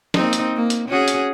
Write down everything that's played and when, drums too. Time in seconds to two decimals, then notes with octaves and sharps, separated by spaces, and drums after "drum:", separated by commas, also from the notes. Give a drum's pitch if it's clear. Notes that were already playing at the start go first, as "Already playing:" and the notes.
0.14 A#3 C4 D#4, drum: snare
0.33 drum: hi-hat
0.56 A#3
0.70 drum: hi-hat
0.88 C#4 F#4 G#4
1.08 drum: hi-hat